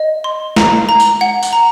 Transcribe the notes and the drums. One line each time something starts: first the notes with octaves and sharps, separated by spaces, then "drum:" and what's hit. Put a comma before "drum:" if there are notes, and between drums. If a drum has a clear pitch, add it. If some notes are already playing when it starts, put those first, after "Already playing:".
Already playing: D#5
C6
A#5, drum: snare
A#5
drum: tambourine
F#5
drum: tambourine
A#5